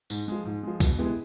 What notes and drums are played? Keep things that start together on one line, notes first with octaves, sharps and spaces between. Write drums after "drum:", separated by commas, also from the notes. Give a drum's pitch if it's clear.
G#2, drum: tambourine
F3 G#3
G#2
F3 G#3
B2, drum: kick, tambourine
G#3 B3 E4 G4